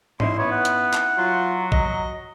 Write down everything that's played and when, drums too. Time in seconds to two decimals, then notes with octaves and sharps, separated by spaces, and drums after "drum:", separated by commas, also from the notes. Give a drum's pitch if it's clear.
0.20 C#4 D#4 E4 C6, drum: tom G#2
0.39 B3 C#5
0.52 F#5
0.65 drum: hi-hat
0.94 drum: clap
1.18 F#3 F4
1.72 D#5, drum: kick A#1